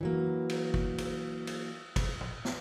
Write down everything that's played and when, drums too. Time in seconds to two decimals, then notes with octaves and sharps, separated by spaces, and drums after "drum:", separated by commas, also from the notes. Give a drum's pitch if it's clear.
0.01 E3 F#3 A#3
0.50 drum: cymbal
0.74 drum: kick
0.98 drum: cymbal
1.47 drum: cymbal
1.96 drum: kick, cymbal
2.20 drum: tom A#2
2.45 drum: snare